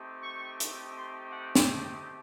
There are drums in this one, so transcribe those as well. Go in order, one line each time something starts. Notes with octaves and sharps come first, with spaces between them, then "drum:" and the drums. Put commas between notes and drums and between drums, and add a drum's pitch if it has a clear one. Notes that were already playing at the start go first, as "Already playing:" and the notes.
Already playing: A3 C4 D#4 G4
C#6
drum: hi-hat
C6
F#5
drum: snare
G5